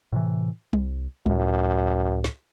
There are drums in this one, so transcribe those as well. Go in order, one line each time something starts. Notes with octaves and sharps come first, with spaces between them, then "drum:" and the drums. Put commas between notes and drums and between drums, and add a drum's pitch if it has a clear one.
A2 C3 E3
C2, drum: tom
C#2 F#2 A2, drum: tom
drum: snare